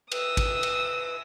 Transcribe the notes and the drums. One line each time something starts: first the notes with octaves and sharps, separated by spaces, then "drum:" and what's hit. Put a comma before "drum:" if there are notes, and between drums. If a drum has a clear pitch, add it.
B4 D#6 E6, drum: cymbal
drum: kick A1, cymbal
drum: cymbal